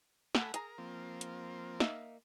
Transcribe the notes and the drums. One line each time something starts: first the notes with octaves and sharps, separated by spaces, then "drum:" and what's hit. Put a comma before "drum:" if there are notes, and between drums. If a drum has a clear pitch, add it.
A3 A4 F#5 G#5 B5, drum: snare
G#4 A#4 A#5, drum: hi-hat
F3 A#3 C4
drum: hi-hat
A#3 D#4 E5, drum: snare